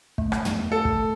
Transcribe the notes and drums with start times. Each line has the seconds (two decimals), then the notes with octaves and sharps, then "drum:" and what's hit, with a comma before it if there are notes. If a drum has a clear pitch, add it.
0.18 A3, drum: kick
0.32 drum: rim click
0.45 drum: tom
0.72 A4
0.85 drum: kick